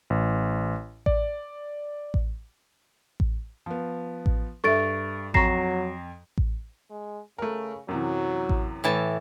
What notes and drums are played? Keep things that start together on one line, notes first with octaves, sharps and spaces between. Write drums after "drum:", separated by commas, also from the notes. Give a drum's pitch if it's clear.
A1
D5, drum: kick A1
drum: kick A1
drum: kick A1
F3 B3
drum: kick A1
G2 A4 E5 C#6 A6 D7
F2 F#3 A#5 C#6 A#6 C7 E7, drum: kick A1
drum: kick A1
G#3
C#3 A3 A#4
F#2 C3 E3 F#3
drum: kick A1
A2 E3 A5